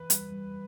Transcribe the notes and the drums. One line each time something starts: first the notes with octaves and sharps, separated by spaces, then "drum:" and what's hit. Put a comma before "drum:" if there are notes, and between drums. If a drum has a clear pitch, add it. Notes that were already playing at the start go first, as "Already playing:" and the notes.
Already playing: E3 B4
G3, drum: hi-hat
G3